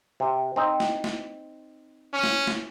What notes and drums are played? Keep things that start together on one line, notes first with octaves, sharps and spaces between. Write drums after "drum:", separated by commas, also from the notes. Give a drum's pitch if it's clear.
C3
C4 D#4
drum: snare
drum: snare
C#4
drum: snare
drum: snare